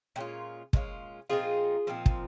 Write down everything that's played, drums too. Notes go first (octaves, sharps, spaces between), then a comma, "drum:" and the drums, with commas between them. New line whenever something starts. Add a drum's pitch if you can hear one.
A#2 G#3 C#4 F4 G4
A#2 G#3 C#4 F4, drum: kick
A#2 F3 C4 D#4 F4 G#4
A#2 F3 C4 D#4
drum: kick